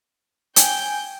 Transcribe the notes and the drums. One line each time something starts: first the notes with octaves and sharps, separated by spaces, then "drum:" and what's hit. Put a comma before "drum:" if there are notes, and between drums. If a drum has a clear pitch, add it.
G5 G#5 G6, drum: hi-hat